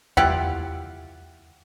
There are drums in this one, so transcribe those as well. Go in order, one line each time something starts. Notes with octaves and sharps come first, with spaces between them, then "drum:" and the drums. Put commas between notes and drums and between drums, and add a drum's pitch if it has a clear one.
E4 F4 G4 F#5, drum: tom E2